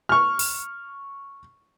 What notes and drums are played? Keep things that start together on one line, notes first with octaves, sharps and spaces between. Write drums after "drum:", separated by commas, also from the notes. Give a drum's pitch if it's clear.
C#6 F6
drum: open hi-hat